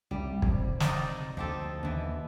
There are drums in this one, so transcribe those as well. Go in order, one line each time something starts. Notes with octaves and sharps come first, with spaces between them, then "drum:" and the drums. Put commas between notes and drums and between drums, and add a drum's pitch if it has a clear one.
C2 G3
C3, drum: kick
D#4 D5, drum: snare
D2 F3 G4 A4
D#2 B2 D3 E3